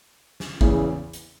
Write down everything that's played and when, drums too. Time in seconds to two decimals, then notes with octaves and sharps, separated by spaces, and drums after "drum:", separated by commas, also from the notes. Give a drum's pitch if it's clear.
0.40 drum: snare
0.61 E2 C#3 E3, drum: kick
1.13 drum: hi-hat